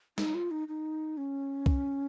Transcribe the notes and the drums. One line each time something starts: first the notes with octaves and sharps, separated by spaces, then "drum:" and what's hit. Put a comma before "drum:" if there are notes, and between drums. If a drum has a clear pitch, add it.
D#4, drum: snare
F4
D#4
D#4
C#4
drum: kick C2